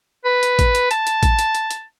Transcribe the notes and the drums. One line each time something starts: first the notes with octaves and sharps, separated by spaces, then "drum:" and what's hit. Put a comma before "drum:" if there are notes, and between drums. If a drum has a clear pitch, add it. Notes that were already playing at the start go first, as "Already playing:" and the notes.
B4
drum: hi-hat
drum: kick A1, hi-hat
drum: hi-hat
A5, drum: hi-hat
drum: hi-hat
drum: kick A1, hi-hat
drum: hi-hat
drum: hi-hat
drum: hi-hat